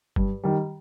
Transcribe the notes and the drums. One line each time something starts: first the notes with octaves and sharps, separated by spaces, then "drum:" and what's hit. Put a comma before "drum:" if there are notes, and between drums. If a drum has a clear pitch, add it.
G2, drum: kick F#1
D#3 G3